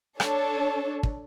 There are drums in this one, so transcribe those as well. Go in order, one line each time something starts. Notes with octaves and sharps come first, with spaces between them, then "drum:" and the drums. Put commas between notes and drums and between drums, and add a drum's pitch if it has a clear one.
D4 A4 C#5, drum: rim click
drum: kick